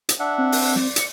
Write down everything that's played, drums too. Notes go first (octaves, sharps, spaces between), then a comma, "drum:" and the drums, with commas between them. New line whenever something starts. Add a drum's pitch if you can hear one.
drum: hi-hat
D4 E5 F#5
C4
drum: open hi-hat
D5, drum: snare
C#7, drum: hi-hat